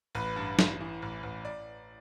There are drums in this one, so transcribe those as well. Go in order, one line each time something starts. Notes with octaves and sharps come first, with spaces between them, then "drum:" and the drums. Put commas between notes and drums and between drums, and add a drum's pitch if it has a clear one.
A1 B4
G2
A1, drum: snare
E3
A1
A1
D5